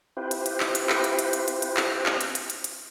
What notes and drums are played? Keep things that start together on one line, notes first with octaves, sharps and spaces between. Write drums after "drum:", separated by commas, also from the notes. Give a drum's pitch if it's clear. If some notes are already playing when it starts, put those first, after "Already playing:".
C4 E4 F4 G4 B4 C5
drum: hi-hat
drum: hi-hat
drum: clap
drum: hi-hat
drum: clap
drum: hi-hat
drum: hi-hat
drum: hi-hat
drum: hi-hat
drum: hi-hat
drum: clap
drum: clap
drum: hi-hat
drum: hi-hat
drum: hi-hat
drum: hi-hat